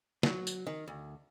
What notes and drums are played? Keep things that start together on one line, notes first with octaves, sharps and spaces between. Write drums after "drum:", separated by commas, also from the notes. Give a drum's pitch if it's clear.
F#3, drum: snare
drum: tambourine
D#3
D2